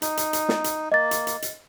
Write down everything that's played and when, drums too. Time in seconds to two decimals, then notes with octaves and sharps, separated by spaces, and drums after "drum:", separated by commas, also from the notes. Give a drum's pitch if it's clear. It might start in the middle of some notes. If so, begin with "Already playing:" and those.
0.02 D#4, drum: hi-hat
0.17 drum: hi-hat
0.33 drum: hi-hat
0.49 drum: snare
0.64 drum: hi-hat
0.92 A#3 D#5 A6
1.11 drum: hi-hat
1.27 drum: hi-hat
1.42 drum: hi-hat